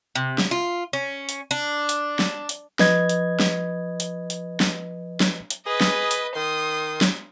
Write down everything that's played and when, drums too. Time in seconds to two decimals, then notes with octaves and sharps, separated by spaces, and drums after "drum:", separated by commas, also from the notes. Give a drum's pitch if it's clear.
0.15 C3
0.38 drum: snare
0.51 F4
0.93 C#4
1.29 drum: hi-hat
1.51 D4
1.89 drum: hi-hat
2.19 drum: snare
2.49 drum: hi-hat
2.79 F3 B4 D#5 G#6, drum: snare
3.09 drum: hi-hat
3.40 drum: snare
4.00 drum: hi-hat
4.30 drum: hi-hat
4.60 drum: snare
5.20 drum: snare
5.51 drum: hi-hat
5.66 G#4 B4 D#5
5.81 drum: snare
6.11 drum: hi-hat
6.35 D#3 C6 D#6
7.01 drum: snare